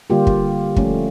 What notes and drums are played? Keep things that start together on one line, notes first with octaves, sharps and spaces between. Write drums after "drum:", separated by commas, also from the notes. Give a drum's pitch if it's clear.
D3 G3 A#3 F4 G4
drum: kick
F3 A3 C#4, drum: kick